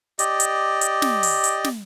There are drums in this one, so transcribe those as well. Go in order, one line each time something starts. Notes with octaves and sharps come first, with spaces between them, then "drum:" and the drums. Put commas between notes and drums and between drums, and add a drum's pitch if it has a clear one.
G4 D5 D#5, drum: hi-hat
drum: hi-hat
drum: hi-hat
drum: snare
drum: open hi-hat
drum: hi-hat
drum: snare